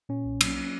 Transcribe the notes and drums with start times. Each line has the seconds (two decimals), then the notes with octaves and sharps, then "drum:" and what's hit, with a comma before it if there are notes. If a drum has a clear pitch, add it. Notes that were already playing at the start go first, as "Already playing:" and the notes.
0.09 A#2 C#4
0.25 B1
0.41 F#3, drum: cymbal
0.57 F#3